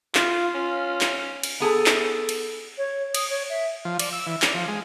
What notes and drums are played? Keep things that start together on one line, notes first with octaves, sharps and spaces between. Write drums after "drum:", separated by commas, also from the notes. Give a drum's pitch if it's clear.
F4, drum: clap
C#4 F4
drum: clap
drum: cymbal
B3 G#4 A4
drum: clap
drum: cymbal
C#5
D#6, drum: cymbal
C#5
E5
F3
D5, drum: cymbal
E6
E3
D5, drum: clap
F3
G#3